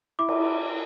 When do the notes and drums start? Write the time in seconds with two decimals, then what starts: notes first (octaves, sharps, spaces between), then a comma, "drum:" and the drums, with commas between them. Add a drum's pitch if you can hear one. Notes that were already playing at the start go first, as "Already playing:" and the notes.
0.19 E4 D6
0.29 drum: cymbal